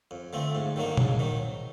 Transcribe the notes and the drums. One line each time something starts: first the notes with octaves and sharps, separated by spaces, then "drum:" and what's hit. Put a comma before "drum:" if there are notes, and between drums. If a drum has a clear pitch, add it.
F2
D3 F3 A3 C4
G#2
D#3 F#3 A#3 D4
G#2, drum: tom A#2
D#3 F#3